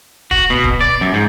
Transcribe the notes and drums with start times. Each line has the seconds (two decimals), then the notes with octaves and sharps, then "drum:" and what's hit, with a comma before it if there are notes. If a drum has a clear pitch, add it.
0.31 F#4, drum: kick
0.50 B2
0.64 drum: kick
0.81 D5
1.01 F#2
1.14 G#2